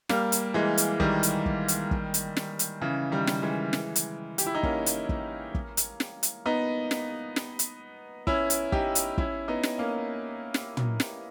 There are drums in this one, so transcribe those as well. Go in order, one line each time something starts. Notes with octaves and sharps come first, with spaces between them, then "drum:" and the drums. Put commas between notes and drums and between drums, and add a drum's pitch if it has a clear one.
G3 A#3, drum: snare
drum: hi-hat
E3 G#3
drum: hi-hat
D#3 G3, drum: kick
drum: hi-hat
drum: kick
drum: hi-hat
drum: kick
drum: hi-hat
drum: snare
drum: hi-hat
C#3 E3
D#3 G3
drum: snare
E3 G#3
drum: snare
drum: hi-hat
G4, drum: hi-hat
E4
D#4
A#3 C#4, drum: kick
drum: hi-hat
drum: kick
drum: kick
drum: hi-hat
drum: snare
drum: hi-hat
B3 D#4
drum: snare
drum: snare
drum: hi-hat
C#4 E4, drum: kick
drum: hi-hat
D#4 G4, drum: kick
drum: hi-hat
C#4 E4, drum: kick
B3 D#4
drum: snare
A#3 C#4
drum: snare
drum: tom
drum: snare